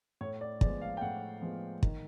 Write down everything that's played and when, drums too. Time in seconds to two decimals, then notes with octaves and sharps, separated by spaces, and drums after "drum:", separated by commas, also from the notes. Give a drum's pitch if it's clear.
0.21 A2 C#5
0.41 D5
0.61 F3 G#3 B3 D5, drum: kick
0.81 F5
0.97 G5
1.01 A2 F#5
1.42 F3 G#3 B3
1.83 D#3, drum: kick